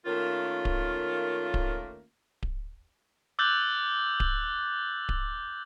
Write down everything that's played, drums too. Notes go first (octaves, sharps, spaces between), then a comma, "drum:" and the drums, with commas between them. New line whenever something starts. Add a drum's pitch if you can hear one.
D#3 A3 A#3 C#4 F4
drum: kick D1
drum: kick D1
drum: kick D1
D6 E6 F#6 G6 A6 F#7
drum: kick D1
drum: kick D1